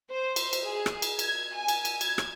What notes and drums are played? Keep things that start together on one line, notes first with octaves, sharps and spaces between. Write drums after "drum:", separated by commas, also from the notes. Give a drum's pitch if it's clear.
C5
drum: cymbal
drum: cymbal
G#4
drum: rim click
drum: cymbal
G#6, drum: cymbal
G#5
drum: cymbal
drum: cymbal
G#6, drum: cymbal
drum: rim click